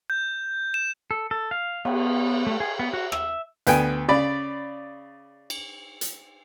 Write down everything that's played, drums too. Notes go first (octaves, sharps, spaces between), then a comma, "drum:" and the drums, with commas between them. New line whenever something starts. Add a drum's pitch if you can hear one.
G6
E7
A4
A4
F5
B3, drum: cymbal
A3
G#4
B3
F#4
E5, drum: rim click
D2 B3 G5 G#5, drum: hi-hat
C#3 D5 B5
drum: cymbal
drum: hi-hat